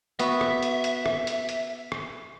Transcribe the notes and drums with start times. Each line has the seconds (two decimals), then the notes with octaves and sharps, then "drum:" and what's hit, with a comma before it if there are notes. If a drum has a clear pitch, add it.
0.19 B3 F#4 E5, drum: hi-hat
0.41 drum: rim click
0.63 drum: hi-hat
0.84 drum: hi-hat
1.06 drum: rim click
1.27 drum: hi-hat
1.49 drum: hi-hat
1.92 drum: rim click